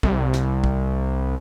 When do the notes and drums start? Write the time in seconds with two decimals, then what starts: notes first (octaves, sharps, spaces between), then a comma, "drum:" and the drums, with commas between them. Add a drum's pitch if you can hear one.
0.03 C2, drum: kick
0.33 drum: snare
0.64 drum: kick